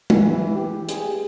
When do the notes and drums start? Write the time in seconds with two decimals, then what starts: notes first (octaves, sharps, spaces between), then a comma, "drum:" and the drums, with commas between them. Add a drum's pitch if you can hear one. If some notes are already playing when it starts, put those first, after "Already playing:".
0.10 drum: tom
0.19 E3
0.55 G4
0.89 G#4, drum: hi-hat